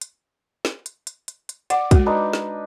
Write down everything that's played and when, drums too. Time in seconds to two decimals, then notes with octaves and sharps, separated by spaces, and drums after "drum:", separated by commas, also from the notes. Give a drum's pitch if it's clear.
0.01 drum: hi-hat
0.65 drum: snare
0.86 drum: hi-hat
1.07 drum: hi-hat
1.28 drum: hi-hat
1.49 drum: hi-hat
1.70 D5 F#5, drum: hi-hat
1.91 G#3 F#4, drum: kick, hi-hat
2.06 D4 D#4 B4
2.33 drum: snare